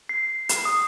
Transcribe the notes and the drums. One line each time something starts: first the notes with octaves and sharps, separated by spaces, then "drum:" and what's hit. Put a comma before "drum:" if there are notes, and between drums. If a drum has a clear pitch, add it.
C7
drum: hi-hat
D#6